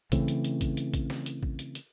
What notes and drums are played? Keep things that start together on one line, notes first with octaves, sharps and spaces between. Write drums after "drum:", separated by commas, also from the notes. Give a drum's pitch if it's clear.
C#3 E3 A3 C4, drum: kick, hi-hat
drum: hi-hat
drum: hi-hat
drum: kick, hi-hat
drum: hi-hat
drum: kick, hi-hat
drum: snare
drum: hi-hat
drum: kick
drum: hi-hat
drum: hi-hat